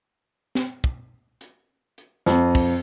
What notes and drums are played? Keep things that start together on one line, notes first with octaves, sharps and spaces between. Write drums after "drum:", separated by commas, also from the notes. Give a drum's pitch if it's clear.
drum: snare
drum: kick
drum: hi-hat
drum: hi-hat
F2, drum: snare
drum: kick, open hi-hat